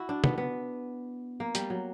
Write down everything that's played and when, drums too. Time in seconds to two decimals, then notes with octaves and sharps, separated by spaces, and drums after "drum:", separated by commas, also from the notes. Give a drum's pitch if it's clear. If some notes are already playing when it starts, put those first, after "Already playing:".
Already playing: E4 F#4
0.09 D4
0.24 B3, drum: tom C3
0.38 B3
1.40 A#3
1.55 G3, drum: hi-hat
1.70 F#3